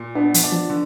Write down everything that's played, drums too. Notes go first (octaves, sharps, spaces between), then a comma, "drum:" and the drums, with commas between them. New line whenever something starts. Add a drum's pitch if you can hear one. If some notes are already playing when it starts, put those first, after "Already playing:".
Already playing: A#2
B3 D4
F3, drum: hi-hat
D4
F3
D3